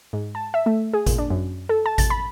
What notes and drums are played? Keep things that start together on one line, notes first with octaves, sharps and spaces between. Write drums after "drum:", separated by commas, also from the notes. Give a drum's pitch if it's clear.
G#2
A5
E5
A3
G#4
A#2, drum: kick G#1, hi-hat
D4
F#2
A4
A5
A6, drum: kick G#1, hi-hat
B5